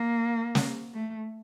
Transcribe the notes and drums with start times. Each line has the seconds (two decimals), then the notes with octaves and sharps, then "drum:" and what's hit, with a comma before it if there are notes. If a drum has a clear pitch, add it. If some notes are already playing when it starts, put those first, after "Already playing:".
Already playing: A#3
0.55 drum: snare
0.93 A3